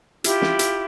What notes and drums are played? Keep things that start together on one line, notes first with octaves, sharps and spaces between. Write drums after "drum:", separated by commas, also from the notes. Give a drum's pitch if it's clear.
E4 F4 G4, drum: hi-hat
drum: snare
drum: hi-hat